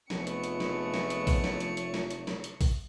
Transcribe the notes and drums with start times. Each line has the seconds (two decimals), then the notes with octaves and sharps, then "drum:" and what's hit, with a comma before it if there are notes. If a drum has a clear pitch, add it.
0.10 F1 F3 G#3 A3 B3 C#5 C#7, drum: snare
0.27 drum: hi-hat
0.44 drum: hi-hat
0.60 drum: snare
0.94 drum: snare
1.10 drum: hi-hat
1.27 drum: kick, open hi-hat
1.44 drum: snare
1.60 drum: hi-hat
1.77 drum: hi-hat
1.94 drum: snare
2.11 drum: hi-hat
2.27 drum: snare
2.44 drum: hi-hat
2.61 drum: kick, open hi-hat